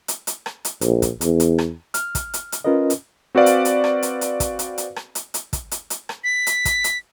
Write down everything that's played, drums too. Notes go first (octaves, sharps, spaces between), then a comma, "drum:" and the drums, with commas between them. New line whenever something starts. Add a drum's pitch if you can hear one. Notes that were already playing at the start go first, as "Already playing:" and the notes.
drum: hi-hat
drum: hi-hat
drum: rim click
drum: hi-hat
A#1, drum: hi-hat
drum: kick, hi-hat
E2, drum: hi-hat
drum: hi-hat
drum: rim click
F6, drum: hi-hat
drum: kick, hi-hat
drum: hi-hat
drum: hi-hat
C#4 F4 A#4 B4 D#5
drum: hi-hat
C4 F#4 B4 D5 F5
drum: hi-hat
drum: hi-hat
drum: rim click
drum: hi-hat
drum: hi-hat
drum: kick, hi-hat
drum: hi-hat
drum: hi-hat
drum: rim click
drum: hi-hat
drum: hi-hat
drum: kick, hi-hat
drum: hi-hat
drum: hi-hat
drum: rim click
B6
drum: hi-hat
drum: kick, hi-hat
drum: hi-hat